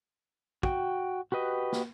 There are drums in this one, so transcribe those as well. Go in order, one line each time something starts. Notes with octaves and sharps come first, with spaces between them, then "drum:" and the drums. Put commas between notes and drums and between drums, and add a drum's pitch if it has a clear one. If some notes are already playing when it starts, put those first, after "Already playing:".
F#4 G5, drum: kick
F#4 G4 B4 D#5
drum: snare